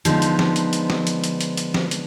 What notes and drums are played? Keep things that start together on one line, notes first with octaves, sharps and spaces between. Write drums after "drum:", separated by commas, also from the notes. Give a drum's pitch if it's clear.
D3 F3 G#3 B3 D#4, drum: hi-hat
drum: hi-hat
drum: snare F3
drum: hi-hat
drum: hi-hat
drum: snare F3
drum: hi-hat
drum: hi-hat
drum: hi-hat
drum: hi-hat
drum: snare F3
drum: hi-hat